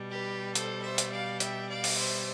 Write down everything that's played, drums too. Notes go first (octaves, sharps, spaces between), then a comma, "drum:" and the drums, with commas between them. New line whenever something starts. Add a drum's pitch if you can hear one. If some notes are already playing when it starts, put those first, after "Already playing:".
Already playing: B2 G3
G4 B4
A4 C5, drum: hi-hat
C5 E5
drum: hi-hat
D5 F5
E5 G5, drum: hi-hat
D5 F5
drum: open hi-hat
C5 E5